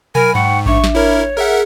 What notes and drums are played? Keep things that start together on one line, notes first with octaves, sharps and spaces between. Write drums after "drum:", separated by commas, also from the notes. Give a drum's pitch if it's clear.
F#3 A#4 G#5 B5, drum: tom B2
G#2 F#5 G5 C#6
D4 E5 C#6, drum: kick A1
drum: snare
E4 A#4 C#5
G#4 A#4 E5 F#5